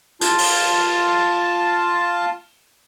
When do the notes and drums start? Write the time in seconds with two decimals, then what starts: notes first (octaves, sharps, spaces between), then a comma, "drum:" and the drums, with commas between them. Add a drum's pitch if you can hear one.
0.21 F4 A5, drum: hi-hat
0.38 drum: open hi-hat